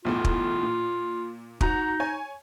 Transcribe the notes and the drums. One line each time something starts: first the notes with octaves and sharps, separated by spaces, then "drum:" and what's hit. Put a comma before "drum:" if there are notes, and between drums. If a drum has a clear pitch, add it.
B1 E2 A2 F4
drum: kick
A#2
D#4 F#4 A#5, drum: kick
C#5 G#5